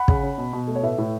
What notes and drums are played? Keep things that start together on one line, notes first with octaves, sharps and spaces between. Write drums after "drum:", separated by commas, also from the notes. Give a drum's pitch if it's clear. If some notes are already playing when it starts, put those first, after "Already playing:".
Already playing: F#5 B5
C#3, drum: kick
C#4
B2
B2
A3
C#5
A2 B4 E5
A2